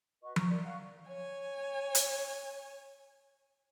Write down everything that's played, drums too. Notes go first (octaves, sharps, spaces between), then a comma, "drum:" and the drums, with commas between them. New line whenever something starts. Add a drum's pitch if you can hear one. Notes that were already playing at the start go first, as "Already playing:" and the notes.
F#4 B4 D#5 C#6
A#5 C#6, drum: tom F3
E4 A#4 D5
F5 F#5 C#6
C#5 G#5
drum: hi-hat